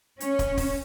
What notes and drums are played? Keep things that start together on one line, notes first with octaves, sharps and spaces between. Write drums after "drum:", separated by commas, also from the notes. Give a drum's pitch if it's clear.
C#4, drum: hi-hat
drum: kick, hi-hat
drum: kick, open hi-hat